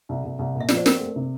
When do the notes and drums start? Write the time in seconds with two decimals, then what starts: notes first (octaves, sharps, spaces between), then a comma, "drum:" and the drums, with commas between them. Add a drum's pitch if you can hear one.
0.09 C2
0.24 C2
0.39 C2
0.55 A#2
0.61 E5
0.69 F3 D5, drum: snare
0.77 C5
0.86 C4 A#4, drum: snare
1.01 A3
1.16 C3